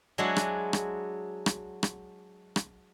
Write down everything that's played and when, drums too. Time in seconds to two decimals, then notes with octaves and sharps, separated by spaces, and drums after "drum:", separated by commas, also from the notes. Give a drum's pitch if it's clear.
0.18 F#3 G#3 D4 E4 F#4 G#4
0.36 drum: rim click
0.73 drum: rim click
1.46 drum: rim click
1.83 drum: rim click
2.56 drum: rim click